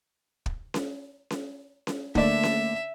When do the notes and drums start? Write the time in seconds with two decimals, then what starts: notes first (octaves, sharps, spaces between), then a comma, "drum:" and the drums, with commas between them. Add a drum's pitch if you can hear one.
0.46 drum: kick
0.74 drum: snare C#4
1.30 drum: snare C#4
1.87 drum: snare C#4
2.15 D3 A3 A#3 D5 E5, drum: kick
2.43 drum: snare C#4